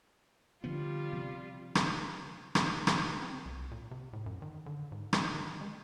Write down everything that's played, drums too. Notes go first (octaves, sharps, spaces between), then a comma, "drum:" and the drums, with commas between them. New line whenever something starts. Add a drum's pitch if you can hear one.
D3 F3 G3 B3 F4
C3 F3
drum: rim click
drum: rim click
drum: rim click
C4
C2
A#2
C3
A2
F#2
D#3
D3
G#2
G#3, drum: rim click
D#3
G#3